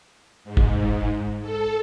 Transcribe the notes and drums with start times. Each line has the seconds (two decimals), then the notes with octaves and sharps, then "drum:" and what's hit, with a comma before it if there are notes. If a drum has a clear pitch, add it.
0.45 G#2
0.57 drum: kick
1.42 A4